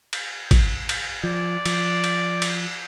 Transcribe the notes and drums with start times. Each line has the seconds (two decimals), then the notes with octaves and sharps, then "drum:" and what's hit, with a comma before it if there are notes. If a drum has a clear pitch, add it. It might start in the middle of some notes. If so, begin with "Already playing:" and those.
0.13 drum: cymbal
0.51 drum: kick, cymbal
0.89 drum: cymbal
1.23 F3 D5
1.65 F3, drum: cymbal
2.04 drum: cymbal
2.42 drum: cymbal